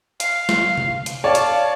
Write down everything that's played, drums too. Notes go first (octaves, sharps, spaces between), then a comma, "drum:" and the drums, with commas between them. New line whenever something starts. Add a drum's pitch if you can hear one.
F5, drum: hi-hat
drum: snare
drum: tom C3
drum: hi-hat
C#5 D5 F5 A5
drum: hi-hat